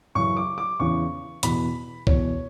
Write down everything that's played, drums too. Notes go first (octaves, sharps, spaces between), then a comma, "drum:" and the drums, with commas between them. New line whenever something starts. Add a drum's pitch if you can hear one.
F#2 C#3 E3 C#6
D6
D6
E2 C#3 E3 C#6
E2 B2 B5, drum: hi-hat
E2 B2 C#5, drum: kick C2